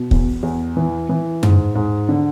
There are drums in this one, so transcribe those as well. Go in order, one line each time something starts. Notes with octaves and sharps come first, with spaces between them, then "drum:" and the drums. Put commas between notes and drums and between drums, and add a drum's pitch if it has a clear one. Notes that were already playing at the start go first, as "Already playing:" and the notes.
Already playing: B2
E2, drum: kick
E2
E3
E3
G#2, drum: tom F#2
G#2
D3